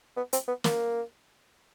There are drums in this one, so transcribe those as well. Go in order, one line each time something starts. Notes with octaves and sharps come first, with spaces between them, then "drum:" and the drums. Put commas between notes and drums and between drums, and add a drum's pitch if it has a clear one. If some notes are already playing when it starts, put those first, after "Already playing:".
B3
C4, drum: hi-hat
B3
A#3, drum: snare